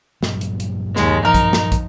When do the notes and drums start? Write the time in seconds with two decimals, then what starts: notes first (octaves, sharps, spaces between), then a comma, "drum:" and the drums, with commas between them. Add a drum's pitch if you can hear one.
0.23 G2 A#2 F#3, drum: snare
0.41 drum: hi-hat
0.60 drum: hi-hat
0.96 D#2 G#3, drum: snare
1.25 F3 D#4 A#4
1.34 drum: kick, hi-hat
1.53 drum: snare
1.72 drum: kick, hi-hat